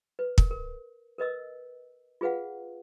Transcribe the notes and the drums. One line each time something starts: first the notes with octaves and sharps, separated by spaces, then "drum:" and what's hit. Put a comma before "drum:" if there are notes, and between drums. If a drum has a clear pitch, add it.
B4
A#4, drum: kick
A#4
A#4 B4 D#5 E6
F4 G#4 B4 F5 F#5